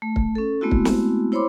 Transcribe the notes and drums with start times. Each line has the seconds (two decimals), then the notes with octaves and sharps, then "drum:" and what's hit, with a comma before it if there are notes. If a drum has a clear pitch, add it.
0.02 A3
0.16 drum: kick
0.35 C#4 A4
0.61 G#3 A3 B3 C4 E4 F#4
0.71 drum: kick
0.85 drum: snare
1.32 E4 C5 C#5 B5 C6 D6